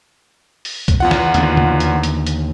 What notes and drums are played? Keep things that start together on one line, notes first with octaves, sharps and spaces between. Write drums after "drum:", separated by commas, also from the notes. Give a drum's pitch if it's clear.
drum: open hi-hat
drum: kick B1, hi-hat
E2 F4 F#5
drum: snare
D#2 D3, drum: hi-hat
drum: tom C#3
drum: hi-hat
drum: hi-hat
drum: hi-hat